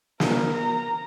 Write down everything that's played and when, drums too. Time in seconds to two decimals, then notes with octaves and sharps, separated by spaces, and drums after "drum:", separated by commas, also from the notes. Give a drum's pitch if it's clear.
0.20 A#4, drum: snare
0.53 A#5